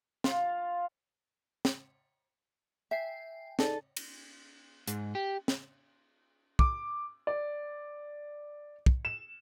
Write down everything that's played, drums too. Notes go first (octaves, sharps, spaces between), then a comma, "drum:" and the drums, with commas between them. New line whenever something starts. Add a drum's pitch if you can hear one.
F4, drum: snare
drum: snare
E5 G5 G#5 C7
D#4 G#4 A4 D5, drum: snare
drum: cymbal
G#2, drum: hi-hat
G4
drum: snare
D6, drum: kick
D5
drum: kick
E7